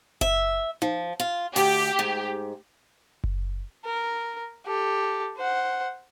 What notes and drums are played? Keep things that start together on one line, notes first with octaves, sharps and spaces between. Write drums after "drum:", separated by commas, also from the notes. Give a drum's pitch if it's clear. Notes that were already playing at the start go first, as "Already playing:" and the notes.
E5, drum: kick F#1
F3, drum: tom D#4
F4
D2 G4, drum: open hi-hat
G#2
drum: kick F#1
A#4
G4 A4
C5 F#5